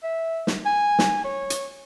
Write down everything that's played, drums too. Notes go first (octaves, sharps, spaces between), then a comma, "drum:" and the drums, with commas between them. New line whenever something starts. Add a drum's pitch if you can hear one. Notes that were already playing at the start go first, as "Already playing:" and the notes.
E5
drum: snare
G#5
drum: snare
C#5
drum: hi-hat